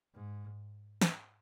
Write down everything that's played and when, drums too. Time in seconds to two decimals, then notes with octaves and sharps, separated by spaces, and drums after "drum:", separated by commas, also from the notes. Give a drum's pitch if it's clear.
0.14 G#2
1.01 drum: snare